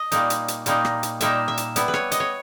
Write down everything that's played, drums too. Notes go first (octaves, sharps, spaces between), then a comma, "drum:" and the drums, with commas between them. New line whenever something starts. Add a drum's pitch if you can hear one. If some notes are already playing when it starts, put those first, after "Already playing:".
Already playing: D#5
A#2 G3 A#3 D#4, drum: hi-hat
drum: hi-hat
drum: hi-hat
A#2 G3 A#3 D#4, drum: hi-hat
drum: rim click
drum: hi-hat
A#2 G3 A#3 D#4 E5, drum: hi-hat
E5
drum: hi-hat
G3 B3 E4, drum: hi-hat
B4
C#5, drum: rim click
D#5, drum: hi-hat
C#5